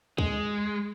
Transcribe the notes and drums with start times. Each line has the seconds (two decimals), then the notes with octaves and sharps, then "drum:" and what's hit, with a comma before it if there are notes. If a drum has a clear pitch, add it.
0.18 G#3, drum: kick